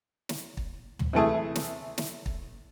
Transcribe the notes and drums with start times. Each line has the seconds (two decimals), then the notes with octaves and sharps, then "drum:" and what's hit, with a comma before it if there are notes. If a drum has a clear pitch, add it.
0.29 drum: snare
0.57 drum: kick
0.99 drum: tom
1.13 C3 E3 A3 G#4
1.55 drum: snare
1.98 drum: snare
2.26 drum: kick